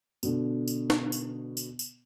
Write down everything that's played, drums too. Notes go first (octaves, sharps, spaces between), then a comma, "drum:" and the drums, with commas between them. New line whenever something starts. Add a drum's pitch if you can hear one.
B2 D3, drum: tambourine
drum: tambourine
drum: snare
drum: tambourine
drum: tambourine
drum: tambourine